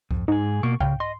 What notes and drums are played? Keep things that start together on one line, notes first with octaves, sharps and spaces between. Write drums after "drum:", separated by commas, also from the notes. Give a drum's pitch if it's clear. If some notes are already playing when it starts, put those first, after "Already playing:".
F2, drum: kick C2
G#2 D#4 G#4
B2 A#3 C#6
C#3 F5 G5, drum: kick C2
D#5 C6